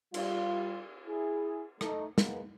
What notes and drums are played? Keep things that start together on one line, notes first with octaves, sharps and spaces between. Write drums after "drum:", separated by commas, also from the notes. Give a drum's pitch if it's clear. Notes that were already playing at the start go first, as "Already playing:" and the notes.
G3 F4, drum: cymbal
E4 G#4
A3 D#4, drum: rim click
G#3 A#3 B3, drum: snare